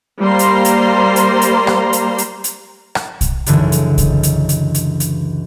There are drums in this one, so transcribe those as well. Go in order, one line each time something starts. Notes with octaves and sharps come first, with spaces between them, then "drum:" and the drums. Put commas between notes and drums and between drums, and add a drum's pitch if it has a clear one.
G3 A#3 C5 A#5 C6
drum: hi-hat
drum: hi-hat
drum: hi-hat
drum: hi-hat
drum: rim click
drum: hi-hat
drum: hi-hat
drum: hi-hat
drum: rim click
drum: kick, hi-hat
C#2 F#2 D3 E3 F#3, drum: hi-hat
drum: hi-hat
drum: kick, hi-hat
drum: hi-hat
drum: hi-hat
drum: hi-hat
drum: hi-hat